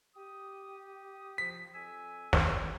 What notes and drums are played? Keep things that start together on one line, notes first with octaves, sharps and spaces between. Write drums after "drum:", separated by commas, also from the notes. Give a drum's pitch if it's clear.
G4 D#6
F3 B6
F2 G#5 E6
drum: snare